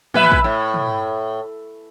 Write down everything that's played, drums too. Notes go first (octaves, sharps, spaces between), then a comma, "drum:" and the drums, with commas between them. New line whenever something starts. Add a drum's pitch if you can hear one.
A#2 B4 E5, drum: tom
drum: kick
A2
drum: tom